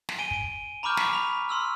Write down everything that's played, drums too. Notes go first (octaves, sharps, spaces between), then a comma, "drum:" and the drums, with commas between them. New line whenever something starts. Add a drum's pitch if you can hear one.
drum: snare
G#5 D7 D#7 G7
drum: kick
A#5 B5 C#6 D6 F6 G6
B6, drum: snare
B5 F7
C6 E6 F6